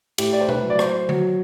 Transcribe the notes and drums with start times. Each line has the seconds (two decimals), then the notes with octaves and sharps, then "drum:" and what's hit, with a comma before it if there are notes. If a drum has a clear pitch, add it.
0.18 A2 G4, drum: cymbal
0.33 D5
0.41 C5
0.49 B4, drum: tom B2
0.64 F#3
0.70 D5
0.79 C5, drum: rim click
1.09 F#3, drum: tom D3